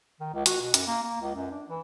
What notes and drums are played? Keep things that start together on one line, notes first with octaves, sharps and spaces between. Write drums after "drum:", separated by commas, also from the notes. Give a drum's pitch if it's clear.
D#3
C#2
F#4, drum: hi-hat
B2
F#2, drum: hi-hat
A#3
A#3
C#2
F#2
D4
E3